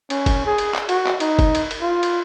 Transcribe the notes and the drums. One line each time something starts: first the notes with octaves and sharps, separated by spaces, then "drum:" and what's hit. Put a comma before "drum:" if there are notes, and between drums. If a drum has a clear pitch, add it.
C#4, drum: cymbal
drum: kick, cymbal
G#4
drum: cymbal
drum: clap
F#4, drum: cymbal
drum: clap
D#4, drum: cymbal
drum: kick, cymbal
drum: cymbal
drum: cymbal
F4
drum: cymbal